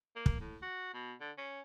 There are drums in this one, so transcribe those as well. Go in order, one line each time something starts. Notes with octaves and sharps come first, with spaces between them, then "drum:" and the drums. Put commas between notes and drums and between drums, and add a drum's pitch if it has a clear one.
A#3
drum: kick
A2
F#4
B2
D3
C#4